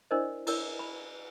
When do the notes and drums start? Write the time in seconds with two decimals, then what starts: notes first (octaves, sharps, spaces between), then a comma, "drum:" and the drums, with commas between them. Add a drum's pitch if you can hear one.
0.11 D4 E4 A#4 C5 D5 D#5
0.47 E4 A#4 C#5, drum: cymbal
0.79 B5